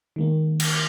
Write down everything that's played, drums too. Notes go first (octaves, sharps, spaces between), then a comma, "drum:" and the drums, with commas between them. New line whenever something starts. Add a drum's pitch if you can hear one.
D#3 G#3 A#3
drum: cymbal